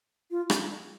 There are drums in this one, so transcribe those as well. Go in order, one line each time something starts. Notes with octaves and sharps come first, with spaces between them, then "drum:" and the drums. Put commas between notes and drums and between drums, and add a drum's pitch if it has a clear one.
F4
drum: rim click